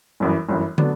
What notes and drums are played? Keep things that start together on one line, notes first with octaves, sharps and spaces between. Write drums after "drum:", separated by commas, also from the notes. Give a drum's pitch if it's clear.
G1 F#2 E3
G1 F#2 E3
D3 F#3 B3 D4, drum: tom